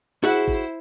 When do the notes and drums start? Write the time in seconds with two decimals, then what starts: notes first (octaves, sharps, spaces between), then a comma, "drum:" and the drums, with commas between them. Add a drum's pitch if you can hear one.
0.24 E4 F#4 G#4 C5 E5 F#5
0.48 drum: kick